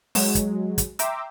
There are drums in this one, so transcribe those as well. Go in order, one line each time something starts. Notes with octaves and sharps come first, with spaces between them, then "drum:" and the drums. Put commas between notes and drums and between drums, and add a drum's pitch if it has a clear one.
F#3 G#3, drum: open hi-hat
drum: kick, hi-hat
drum: kick, hi-hat
E5 G5 A#5 C6 D6 E6, drum: hi-hat